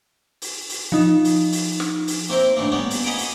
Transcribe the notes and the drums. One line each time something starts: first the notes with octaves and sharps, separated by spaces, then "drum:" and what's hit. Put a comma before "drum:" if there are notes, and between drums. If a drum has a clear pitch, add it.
drum: open hi-hat
drum: open hi-hat
F3 D#4
drum: open hi-hat
drum: open hi-hat
drum: snare
drum: open hi-hat
A#3 C4 E4 A#4 C5
A2 D3 E3 A#3
G3 A#3 B3 C#4
drum: open hi-hat
D#5 F#5 G#5 A#5 B5 D6
drum: open hi-hat